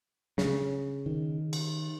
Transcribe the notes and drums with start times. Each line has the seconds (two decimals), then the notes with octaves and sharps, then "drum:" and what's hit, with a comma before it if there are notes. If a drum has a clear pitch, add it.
0.38 C#3, drum: snare
1.06 D#3
1.53 drum: cymbal